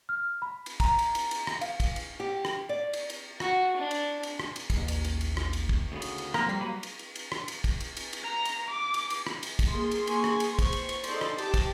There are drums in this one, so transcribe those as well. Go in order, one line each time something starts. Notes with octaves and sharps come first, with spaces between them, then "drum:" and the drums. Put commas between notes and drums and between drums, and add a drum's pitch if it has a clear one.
F6
B5
drum: cymbal
A#5, drum: kick, cymbal
drum: cymbal
drum: cymbal
drum: cymbal
drum: rim click
F5, drum: cymbal
drum: kick, cymbal
drum: cymbal
G4
drum: rim click
D5
drum: cymbal
drum: cymbal
F#4, drum: rim click
D4
drum: cymbal
drum: cymbal
drum: rim click
drum: cymbal
A1 D#2, drum: kick, cymbal
drum: cymbal
drum: cymbal
drum: cymbal
drum: rim click
drum: cymbal
drum: kick
D2 C#3 B3
drum: cymbal
drum: cymbal
F3 A3 A#3 C4 A#4 A#5, drum: rim click
G3 A#3 B6 C7
F#3 B4 B5
drum: cymbal
drum: cymbal
drum: cymbal
drum: rim click
drum: cymbal
drum: kick, cymbal
drum: cymbal
drum: cymbal
drum: cymbal
A#5
drum: cymbal
D6
drum: cymbal
drum: cymbal
drum: rim click
drum: cymbal
drum: kick, cymbal
A#3 G#4 C6
drum: cymbal
G#5 C#6, drum: cymbal
drum: rim click
drum: cymbal
C5 C#6, drum: kick, cymbal
drum: cymbal
drum: cymbal
D#4 A4 C5 D5 C6, drum: cymbal
drum: rim click
G4 A5 D6, drum: cymbal
drum: kick, cymbal